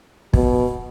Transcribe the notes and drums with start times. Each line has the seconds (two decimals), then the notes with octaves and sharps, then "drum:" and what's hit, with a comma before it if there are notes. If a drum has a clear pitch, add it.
0.34 B2, drum: kick